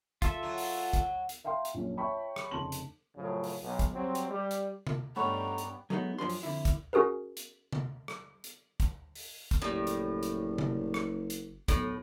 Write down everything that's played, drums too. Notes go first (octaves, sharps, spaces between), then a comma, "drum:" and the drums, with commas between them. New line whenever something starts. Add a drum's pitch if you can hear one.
F4 A4 E5, drum: kick, hi-hat
F#3
drum: open hi-hat
drum: kick, hi-hat
drum: hi-hat
E5 F5 G5 A#5 C6
drum: hi-hat
A#1 F#2 C#4
C#5 E5 G5 A5 B5 C#6
drum: rim click
F1 C#3 A5 C6 F#7
drum: hi-hat
F#2 A2 C#3 F3 F#3
drum: open hi-hat
B1
drum: kick, hi-hat
F#3 G3 C4
drum: hi-hat
G3
drum: hi-hat
drum: tom C3
G2 G3 A3 B3 C#4 D#4 C#5 A#5
drum: hi-hat
F#3 G#3 A3 B3 C4 D#4
F#2 F3 D4 C6
drum: open hi-hat
F2 D3 E4
drum: kick, hi-hat
C#4 F#4 G#4 A#4 B4
drum: hi-hat
drum: tom C3
drum: rim click
drum: hi-hat
drum: kick, hi-hat
drum: open hi-hat
drum: kick, hi-hat
F#1 A2 G3
drum: hi-hat
drum: hi-hat
drum: tom C3
drum: rim click
drum: hi-hat
B1 A2, drum: kick, hi-hat